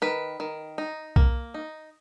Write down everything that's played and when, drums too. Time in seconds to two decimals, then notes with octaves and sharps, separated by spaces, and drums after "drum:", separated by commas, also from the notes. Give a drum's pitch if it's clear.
0.02 D#3 B4
0.40 D#3
0.78 D#4
1.16 A#3, drum: kick B1
1.54 D#4